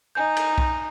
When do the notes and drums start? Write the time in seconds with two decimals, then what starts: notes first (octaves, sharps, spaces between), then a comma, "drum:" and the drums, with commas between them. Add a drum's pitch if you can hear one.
0.15 D#4 D#5 G#5 G6
0.37 drum: cymbal
0.58 drum: kick B1